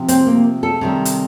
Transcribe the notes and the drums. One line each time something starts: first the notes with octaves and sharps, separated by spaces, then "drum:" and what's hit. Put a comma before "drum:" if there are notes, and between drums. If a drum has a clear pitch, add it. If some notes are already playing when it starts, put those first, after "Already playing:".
Already playing: C3 F3
C4, drum: hi-hat
A#3
A4
C3 D#3 G3
drum: hi-hat